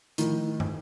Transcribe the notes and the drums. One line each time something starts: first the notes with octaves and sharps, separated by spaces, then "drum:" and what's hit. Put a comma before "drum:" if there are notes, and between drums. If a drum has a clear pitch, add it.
A2 D#3 F3, drum: hi-hat
drum: tom